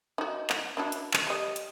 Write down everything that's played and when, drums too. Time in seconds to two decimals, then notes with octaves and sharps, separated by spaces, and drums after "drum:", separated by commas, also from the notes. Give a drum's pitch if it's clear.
0.18 D#4 F#4
0.50 F#5, drum: clap
0.77 D4 E4 F#4
0.92 drum: hi-hat
1.13 drum: clap
1.27 G3 D#5
1.56 drum: hi-hat